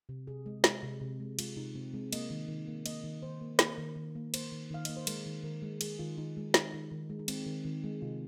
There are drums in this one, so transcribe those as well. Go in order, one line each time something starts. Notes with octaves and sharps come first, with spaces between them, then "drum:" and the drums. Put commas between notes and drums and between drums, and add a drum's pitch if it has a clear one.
C3
C3 G#4
G#3
G#3, drum: snare
C3
C3
G#3
G#3 F4, drum: cymbal
C3 D#4
C3 C4
G#3 C4
A#3 D#5, drum: cymbal
D#3
D#3
A#3
A#3 D#5, drum: cymbal
D#3
D#3 C5
A#3
A#3 A#4, drum: snare
D#3
D#3
A#3
A#3 C5, drum: cymbal
D#3
D#3 F5
A#3 D#5, drum: cymbal
C5
G#3 A#4, drum: cymbal
D#3
D#3 A#4
G#3
G#3 G#4, drum: cymbal
D#3 F4
D#3 D#4
G#3
G#3 D#4, drum: snare
D#3
D#3
G#3
D#4
G#3 C4, drum: cymbal
D#3
D#3 C4
G#3
C3 F4